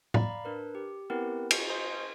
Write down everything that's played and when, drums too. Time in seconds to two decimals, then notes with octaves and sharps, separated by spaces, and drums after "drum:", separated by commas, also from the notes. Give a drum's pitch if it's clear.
0.14 D5 F5 A#5 B5, drum: tom A2
0.45 D4 A#4 B4
0.75 G4
1.10 B3 C4 E4 G4 A#4 B4
1.51 F#4 D#5 G#5, drum: cymbal
1.70 C5 D#5 G#5 C6 D#6